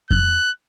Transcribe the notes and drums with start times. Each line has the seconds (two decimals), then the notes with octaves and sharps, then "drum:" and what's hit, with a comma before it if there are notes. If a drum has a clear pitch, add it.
0.11 F#6, drum: kick F2